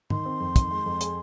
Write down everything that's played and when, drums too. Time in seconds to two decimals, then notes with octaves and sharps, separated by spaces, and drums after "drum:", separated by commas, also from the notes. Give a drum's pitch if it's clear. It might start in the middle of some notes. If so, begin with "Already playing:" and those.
0.10 D#3 C6, drum: tom G#2
0.25 C4
0.40 F2
0.56 D#3, drum: kick, hi-hat
0.71 G#3
0.86 F2
1.01 G#4, drum: hi-hat